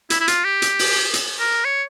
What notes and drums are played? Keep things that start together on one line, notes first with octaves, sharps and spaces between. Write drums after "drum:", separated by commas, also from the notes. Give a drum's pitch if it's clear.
E4, drum: hi-hat
E4
F4, drum: hi-hat
G4
drum: hi-hat
drum: open hi-hat
drum: hi-hat
A#4
C#5